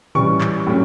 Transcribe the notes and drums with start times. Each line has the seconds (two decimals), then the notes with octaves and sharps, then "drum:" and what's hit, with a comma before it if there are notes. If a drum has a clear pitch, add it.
0.15 E3 G3 C#4 C#6, drum: tom A2
0.41 drum: clap
0.67 A2 F#3 C#4